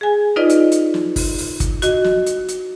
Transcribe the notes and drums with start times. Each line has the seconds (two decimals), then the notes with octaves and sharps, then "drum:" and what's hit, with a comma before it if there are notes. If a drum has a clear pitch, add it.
0.01 G#4 G#5
0.36 D#4 F4 B4 D5 D#5
0.50 drum: hi-hat
0.72 drum: hi-hat
0.94 drum: snare
1.16 drum: kick, open hi-hat
1.38 drum: open hi-hat
1.60 drum: kick, hi-hat
1.82 F#4 D#5, drum: hi-hat
2.04 drum: snare
2.26 drum: hi-hat
2.49 drum: hi-hat